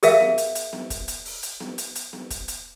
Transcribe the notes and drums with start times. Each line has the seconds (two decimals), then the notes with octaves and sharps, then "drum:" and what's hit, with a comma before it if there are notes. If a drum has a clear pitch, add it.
0.03 G#4 A#4 E5 F5, drum: hi-hat
0.20 drum: snare B3
0.38 drum: hi-hat
0.55 drum: hi-hat
0.73 drum: snare B3
0.90 drum: kick, hi-hat
1.08 drum: hi-hat
1.25 drum: open hi-hat
1.43 drum: hi-hat
1.60 drum: snare B3
1.78 drum: hi-hat
1.95 drum: hi-hat
2.13 drum: snare B3
2.30 drum: kick, hi-hat
2.48 drum: hi-hat